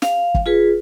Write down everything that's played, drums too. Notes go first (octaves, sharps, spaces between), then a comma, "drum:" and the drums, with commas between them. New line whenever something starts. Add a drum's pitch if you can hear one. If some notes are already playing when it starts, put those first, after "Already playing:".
F5, drum: snare
drum: kick F#1
F4 G#4 B4